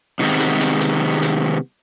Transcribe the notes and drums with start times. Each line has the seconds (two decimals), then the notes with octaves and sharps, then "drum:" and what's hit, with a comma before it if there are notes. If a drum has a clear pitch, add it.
0.19 C3 D#3 G#3 B3 C4
0.40 drum: hi-hat
0.61 drum: hi-hat
0.81 drum: hi-hat
1.23 drum: hi-hat